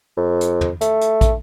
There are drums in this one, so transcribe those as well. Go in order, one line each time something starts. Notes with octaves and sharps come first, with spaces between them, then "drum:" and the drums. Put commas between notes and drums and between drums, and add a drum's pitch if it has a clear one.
F2
drum: hi-hat
drum: tom
A3, drum: hi-hat
drum: hi-hat
drum: kick, hi-hat